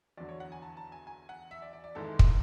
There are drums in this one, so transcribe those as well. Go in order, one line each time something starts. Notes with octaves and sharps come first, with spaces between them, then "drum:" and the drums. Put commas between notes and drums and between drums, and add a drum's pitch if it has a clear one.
E2 D3 F#3 D5
C#5
F#5
G#5
A5
A5
G#5
G#5
F#5
E5
D5
D5
D5
G#1 G#2 E3 G#3 A4
drum: kick